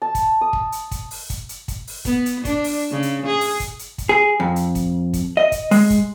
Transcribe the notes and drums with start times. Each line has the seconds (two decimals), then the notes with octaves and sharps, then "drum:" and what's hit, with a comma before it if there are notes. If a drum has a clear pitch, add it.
0.02 A5
0.15 drum: kick, hi-hat
0.41 D#6
0.53 drum: kick
0.72 drum: hi-hat
0.91 drum: kick, hi-hat
1.11 drum: open hi-hat
1.30 drum: kick, hi-hat
1.49 drum: hi-hat
1.68 drum: kick, hi-hat
1.87 drum: open hi-hat
2.05 B3, drum: kick, hi-hat
2.26 drum: hi-hat
2.45 D4, drum: kick, hi-hat
2.64 drum: open hi-hat
2.90 C#3
3.02 drum: hi-hat
3.27 G#4
3.41 drum: open hi-hat
3.60 drum: kick, hi-hat
3.79 drum: hi-hat
3.98 drum: kick, hi-hat
4.09 G#4
4.40 F2
4.56 drum: hi-hat
4.75 drum: kick, hi-hat
5.13 drum: kick, hi-hat
5.37 D#5
5.52 drum: kick, hi-hat
5.71 G#3, drum: open hi-hat
5.90 drum: kick, hi-hat